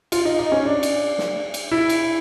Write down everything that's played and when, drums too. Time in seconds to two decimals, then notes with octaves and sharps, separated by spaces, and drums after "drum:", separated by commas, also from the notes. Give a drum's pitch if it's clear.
0.12 F4, drum: cymbal
0.25 D#4
0.39 D#4
0.52 C#4
0.65 D4
0.83 drum: cymbal
1.18 drum: snare
1.54 drum: cymbal
1.71 E4
1.89 drum: cymbal